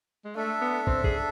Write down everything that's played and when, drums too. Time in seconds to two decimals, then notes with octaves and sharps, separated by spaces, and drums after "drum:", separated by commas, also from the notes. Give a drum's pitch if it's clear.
0.25 G#3
0.35 A3 D4 A4 E5
0.61 B3
0.87 C4, drum: kick
1.04 G#4, drum: kick